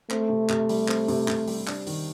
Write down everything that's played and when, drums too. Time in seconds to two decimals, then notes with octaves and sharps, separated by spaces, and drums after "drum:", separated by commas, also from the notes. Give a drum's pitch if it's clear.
0.10 A3 C4, drum: clap
0.29 C3
0.50 C3, drum: clap
0.69 G3, drum: open hi-hat
0.88 C4, drum: clap
1.08 C3, drum: open hi-hat
1.28 C3, drum: clap
1.48 G3, drum: open hi-hat
1.68 D4, drum: clap
1.87 D#3, drum: open hi-hat